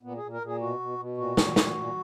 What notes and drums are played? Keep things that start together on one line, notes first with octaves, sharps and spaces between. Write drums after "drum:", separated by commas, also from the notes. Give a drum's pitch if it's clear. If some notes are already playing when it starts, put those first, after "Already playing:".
A#2 B3
G#4
A#2
A#4
A#2 G#4
B2 F#4
B2
B2
A#2 F#4
A#2, drum: snare
A#2, drum: snare
A#2